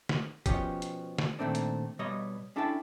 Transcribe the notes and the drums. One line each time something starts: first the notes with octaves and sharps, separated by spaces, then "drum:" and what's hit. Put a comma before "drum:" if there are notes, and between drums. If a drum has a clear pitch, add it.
drum: snare
B2 F3 C#4 G4, drum: kick, hi-hat
drum: hi-hat
drum: snare
A#2 D#3 A3 C4 D4
drum: hi-hat
B2 G3 C#5 D#5
C#4 D4 E4 A4 G5 A5